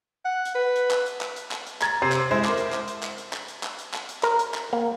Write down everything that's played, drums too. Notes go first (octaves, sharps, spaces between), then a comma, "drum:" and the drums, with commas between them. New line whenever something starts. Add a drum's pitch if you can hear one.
F#5
drum: hi-hat
B4
drum: hi-hat
drum: clap
drum: hi-hat
drum: clap
drum: hi-hat
drum: clap
drum: hi-hat
A#5 G#6 A6, drum: clap
C3 C5
drum: clap
G#3 E4 C5
A#4 D6, drum: clap
drum: hi-hat
drum: clap
drum: hi-hat
drum: clap
drum: hi-hat
drum: clap
drum: hi-hat
drum: clap
drum: hi-hat
drum: clap
drum: hi-hat
A#4, drum: clap
drum: hi-hat
drum: clap
A#3